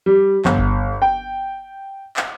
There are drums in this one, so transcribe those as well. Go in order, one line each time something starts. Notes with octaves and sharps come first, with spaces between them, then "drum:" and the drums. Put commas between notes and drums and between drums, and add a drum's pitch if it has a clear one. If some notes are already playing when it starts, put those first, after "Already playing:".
G3
G1, drum: clap
drum: kick G1
G5
drum: clap